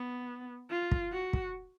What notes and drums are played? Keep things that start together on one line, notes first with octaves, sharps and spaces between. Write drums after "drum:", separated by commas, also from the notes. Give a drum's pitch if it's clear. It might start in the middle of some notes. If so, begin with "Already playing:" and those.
Already playing: B3
F4
drum: kick
F#4
drum: kick